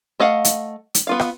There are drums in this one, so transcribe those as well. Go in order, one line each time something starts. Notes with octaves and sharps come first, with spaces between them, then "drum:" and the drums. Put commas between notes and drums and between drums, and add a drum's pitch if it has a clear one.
A3 D#5 F5 F#5
drum: hi-hat
drum: hi-hat
B3 F4 F5
drum: rim click